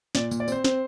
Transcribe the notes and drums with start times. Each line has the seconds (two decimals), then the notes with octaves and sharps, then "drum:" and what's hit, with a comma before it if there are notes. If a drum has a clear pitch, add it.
0.15 A#2 D5, drum: snare
0.31 A#2, drum: tambourine
0.40 D5
0.48 C4 C5, drum: tambourine
0.64 C4 C5, drum: snare